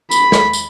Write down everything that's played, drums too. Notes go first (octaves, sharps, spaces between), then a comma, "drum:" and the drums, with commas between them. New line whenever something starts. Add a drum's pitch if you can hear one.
B5, drum: tambourine
drum: snare
drum: tambourine